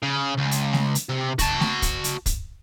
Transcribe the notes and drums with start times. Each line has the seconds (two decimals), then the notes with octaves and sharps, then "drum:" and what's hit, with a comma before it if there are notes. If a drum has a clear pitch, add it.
0.03 C#3
0.37 C#2
0.51 drum: hi-hat
0.73 drum: snare A3
0.95 drum: hi-hat
1.09 C3
1.39 F#4 A5, drum: kick, hi-hat
1.60 drum: snare A3
1.82 drum: kick, hi-hat
2.04 drum: hi-hat
2.26 drum: kick, hi-hat